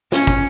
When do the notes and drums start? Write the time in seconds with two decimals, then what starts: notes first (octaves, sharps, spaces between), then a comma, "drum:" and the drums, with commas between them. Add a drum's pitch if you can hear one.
0.12 C#4, drum: snare
0.27 drum: kick